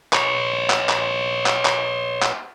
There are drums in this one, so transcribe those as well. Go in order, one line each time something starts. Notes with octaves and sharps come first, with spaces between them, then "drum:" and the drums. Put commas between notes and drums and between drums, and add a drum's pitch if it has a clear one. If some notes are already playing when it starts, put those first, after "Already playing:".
B4 C#5, drum: clap
drum: clap
drum: clap
drum: clap
drum: clap
drum: clap